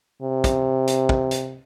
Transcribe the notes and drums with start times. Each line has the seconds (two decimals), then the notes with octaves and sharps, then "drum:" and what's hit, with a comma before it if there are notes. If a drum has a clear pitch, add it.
0.22 C3
0.44 drum: kick, hi-hat
0.88 drum: hi-hat
1.09 drum: kick
1.31 drum: hi-hat